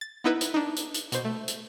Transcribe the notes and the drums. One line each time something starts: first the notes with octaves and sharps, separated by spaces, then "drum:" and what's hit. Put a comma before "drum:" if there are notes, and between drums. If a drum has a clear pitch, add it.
A6
B3 D#4 E4 B4
drum: hi-hat
D4 D#4
drum: hi-hat
drum: hi-hat
B2 C5, drum: hi-hat
A3
drum: hi-hat